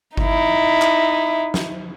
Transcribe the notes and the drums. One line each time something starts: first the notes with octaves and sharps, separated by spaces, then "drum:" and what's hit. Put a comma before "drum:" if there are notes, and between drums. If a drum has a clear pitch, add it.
D#4 E4, drum: kick G1
drum: clap
drum: snare